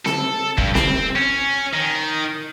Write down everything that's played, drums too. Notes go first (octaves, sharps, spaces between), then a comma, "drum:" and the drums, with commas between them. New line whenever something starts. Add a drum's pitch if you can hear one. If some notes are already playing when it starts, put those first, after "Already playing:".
A4, drum: snare C4
G2, drum: kick
C4, drum: snare C4
C#4
D#3